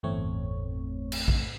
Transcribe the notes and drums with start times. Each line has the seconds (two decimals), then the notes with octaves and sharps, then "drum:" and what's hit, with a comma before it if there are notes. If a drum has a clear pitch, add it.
0.03 G1 E2 A2 A3 C4 C#5
1.12 drum: cymbal
1.28 drum: kick A#1